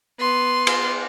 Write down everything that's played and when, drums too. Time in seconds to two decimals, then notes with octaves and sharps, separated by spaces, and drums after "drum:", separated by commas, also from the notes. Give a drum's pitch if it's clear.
0.20 B3 C6
0.67 drum: cymbal